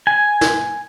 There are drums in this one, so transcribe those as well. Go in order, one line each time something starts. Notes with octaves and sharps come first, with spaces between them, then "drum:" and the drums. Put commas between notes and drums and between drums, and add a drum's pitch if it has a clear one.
G#5
drum: snare